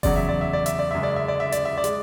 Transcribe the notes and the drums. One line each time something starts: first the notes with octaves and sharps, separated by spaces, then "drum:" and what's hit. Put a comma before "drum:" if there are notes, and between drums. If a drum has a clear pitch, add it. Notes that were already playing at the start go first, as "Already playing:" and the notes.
E2 C#3 F#3 D5, drum: kick F#1, open hi-hat
E5
D5
E5
D5
E5, drum: hi-hat
D5
F#2 C#3 G#3 E5
D5
E5
D5
E5
D5, drum: hi-hat
E5
D5
G#3, drum: hi-hat